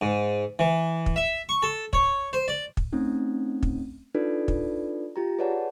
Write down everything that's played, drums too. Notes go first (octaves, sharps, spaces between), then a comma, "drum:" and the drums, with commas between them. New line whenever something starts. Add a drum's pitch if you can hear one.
G#2
E3
drum: kick
E5
C#6
A4
C#5, drum: kick
C5
D5
drum: kick
A3 C4 C#4 D#4
drum: kick
D4 D#4 F4 A4 B4 D5
drum: kick
F4 G4 A#5
G#4 B4 C#5 D5 F#5 A5